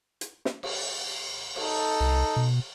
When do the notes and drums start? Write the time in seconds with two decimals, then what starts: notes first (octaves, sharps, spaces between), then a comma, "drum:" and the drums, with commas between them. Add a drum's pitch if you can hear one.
0.21 drum: hi-hat
0.45 drum: snare
0.63 drum: cymbal
1.56 D#4 A4, drum: cymbal
2.00 C2
2.36 B2